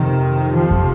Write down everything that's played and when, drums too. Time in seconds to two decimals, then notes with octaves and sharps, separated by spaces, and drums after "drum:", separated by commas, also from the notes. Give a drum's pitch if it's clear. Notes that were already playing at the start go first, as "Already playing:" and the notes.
Already playing: F2 C3 D#3
0.53 F3
0.71 drum: kick F2